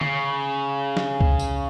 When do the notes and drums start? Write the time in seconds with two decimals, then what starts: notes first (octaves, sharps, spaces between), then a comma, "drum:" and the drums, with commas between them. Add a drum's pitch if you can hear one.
0.01 C#3, drum: tom
0.97 drum: snare
1.21 drum: kick C#2
1.39 drum: tambourine